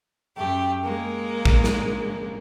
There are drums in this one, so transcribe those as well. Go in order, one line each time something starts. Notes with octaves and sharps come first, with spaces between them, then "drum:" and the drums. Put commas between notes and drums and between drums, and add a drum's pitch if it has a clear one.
F#2 A3 G4
G#3 A#3
drum: kick
drum: snare